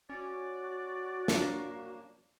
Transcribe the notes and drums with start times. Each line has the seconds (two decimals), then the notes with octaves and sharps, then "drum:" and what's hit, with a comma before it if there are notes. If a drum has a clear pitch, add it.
0.10 C#4 F#4 D5
1.28 A#3 D4, drum: snare